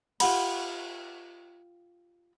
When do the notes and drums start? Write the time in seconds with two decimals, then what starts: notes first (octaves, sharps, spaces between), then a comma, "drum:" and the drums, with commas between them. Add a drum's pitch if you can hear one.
0.20 F4 G4 F#5 B5, drum: cymbal